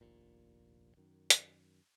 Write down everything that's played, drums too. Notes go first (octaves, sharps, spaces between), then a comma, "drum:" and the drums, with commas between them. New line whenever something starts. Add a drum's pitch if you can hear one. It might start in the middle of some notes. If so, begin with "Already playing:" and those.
F1 A#1 D#2 A#2
F#2 D#3
drum: hi-hat